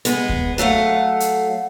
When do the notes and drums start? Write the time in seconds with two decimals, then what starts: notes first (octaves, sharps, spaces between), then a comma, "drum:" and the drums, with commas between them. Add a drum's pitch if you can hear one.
0.05 G#3 B3, drum: hi-hat
0.29 drum: kick D2
0.58 F#3 A3 F5 F#5
1.20 drum: hi-hat